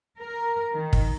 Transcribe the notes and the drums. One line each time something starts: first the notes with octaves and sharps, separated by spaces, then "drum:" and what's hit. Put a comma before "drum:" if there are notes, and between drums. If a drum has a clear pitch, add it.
A#4
D#3
drum: kick